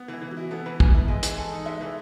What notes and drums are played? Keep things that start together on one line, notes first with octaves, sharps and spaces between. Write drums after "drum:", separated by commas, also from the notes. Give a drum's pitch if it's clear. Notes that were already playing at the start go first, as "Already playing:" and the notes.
Already playing: B3
E3
E4
E3
F#4
E4
B3 A4
E3 B4
E3 G#5, drum: kick
E4 A5
G#3 G#5
E3, drum: hi-hat
A4 G#5
D#4
G#3 E5
E3